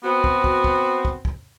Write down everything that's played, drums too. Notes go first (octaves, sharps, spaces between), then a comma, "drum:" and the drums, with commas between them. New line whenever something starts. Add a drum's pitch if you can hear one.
B3 C4 F#4
drum: kick
drum: kick
drum: kick
drum: kick
drum: kick